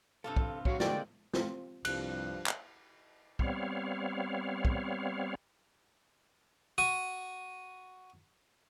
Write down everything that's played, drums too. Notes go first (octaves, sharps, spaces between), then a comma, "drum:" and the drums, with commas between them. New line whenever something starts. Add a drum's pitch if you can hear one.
G2 C3 F4 A4 A5
drum: kick
F#3 F#4 C#5 F5, drum: kick
D3 G#3 A#3 C4 D5 G5, drum: snare
C4 F4, drum: snare
C2 G2 F3 F#6, drum: cymbal
drum: clap
G3 B3 C4 C#5 F5, drum: kick
drum: kick
F#4 D#6